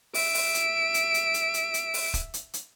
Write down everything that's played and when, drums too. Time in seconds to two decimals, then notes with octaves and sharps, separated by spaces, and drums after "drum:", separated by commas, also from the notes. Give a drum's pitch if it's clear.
0.14 E5 D7, drum: open hi-hat
0.34 drum: open hi-hat
0.54 drum: hi-hat
0.94 drum: hi-hat
1.14 drum: hi-hat
1.34 drum: hi-hat
1.54 drum: hi-hat
1.74 drum: hi-hat
1.94 drum: open hi-hat
2.14 drum: kick, hi-hat
2.34 drum: hi-hat
2.54 drum: hi-hat